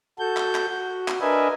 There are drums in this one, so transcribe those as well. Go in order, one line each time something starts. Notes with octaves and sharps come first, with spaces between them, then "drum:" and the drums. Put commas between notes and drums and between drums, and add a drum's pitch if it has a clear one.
F#4 A4 G6
drum: clap
drum: clap
F#4
drum: clap
D4 A#4 B4 D#5 E5 G#5